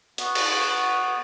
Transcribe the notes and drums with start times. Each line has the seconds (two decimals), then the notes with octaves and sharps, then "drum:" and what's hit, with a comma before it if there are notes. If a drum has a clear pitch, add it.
0.18 B3 F#4, drum: hi-hat
0.35 drum: cymbal